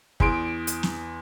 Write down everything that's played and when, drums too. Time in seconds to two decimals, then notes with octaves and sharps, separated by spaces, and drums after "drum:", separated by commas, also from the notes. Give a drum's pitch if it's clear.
0.20 E2 G#4 C6 D7, drum: kick
0.67 drum: hi-hat
0.83 drum: snare